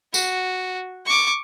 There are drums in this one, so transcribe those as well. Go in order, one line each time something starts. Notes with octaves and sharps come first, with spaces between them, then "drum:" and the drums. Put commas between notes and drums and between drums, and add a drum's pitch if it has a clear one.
F#4, drum: tambourine
C#6 D6